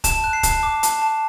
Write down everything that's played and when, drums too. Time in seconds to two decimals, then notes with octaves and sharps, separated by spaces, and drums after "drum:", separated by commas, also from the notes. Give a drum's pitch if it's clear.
0.04 A5 E7, drum: kick, hi-hat
0.24 F#6
0.33 C7
0.43 A5, drum: kick, hi-hat
0.63 D6
0.83 A5, drum: hi-hat
1.02 A5